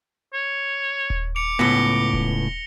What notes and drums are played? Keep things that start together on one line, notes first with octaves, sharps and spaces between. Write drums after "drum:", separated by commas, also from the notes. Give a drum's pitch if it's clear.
C#5
drum: kick D#1
D6 C#7 F7
C#2 A2 B3 A#6 C#7 G7
drum: kick D#1